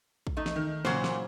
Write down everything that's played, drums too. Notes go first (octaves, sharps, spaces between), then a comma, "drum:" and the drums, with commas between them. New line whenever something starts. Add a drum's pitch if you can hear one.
drum: kick
A3 D#4
drum: snare
D#3
A#2 C#3 F#3 C5, drum: snare
drum: snare